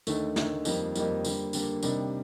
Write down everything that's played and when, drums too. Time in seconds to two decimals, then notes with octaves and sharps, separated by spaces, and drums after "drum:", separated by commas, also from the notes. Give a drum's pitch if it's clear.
0.07 D#2 D3 A3 D#4, drum: tambourine
0.36 D#2 D3 A3 D#4, drum: snare
0.65 F2 D#3 G3 A#3, drum: tambourine
0.95 F2 D#3 G3 A#3, drum: tambourine
1.25 D3 G3 A#3, drum: tambourine
1.53 D3 G3 A#3, drum: tambourine
1.83 C3 D#3 G3 D4, drum: tambourine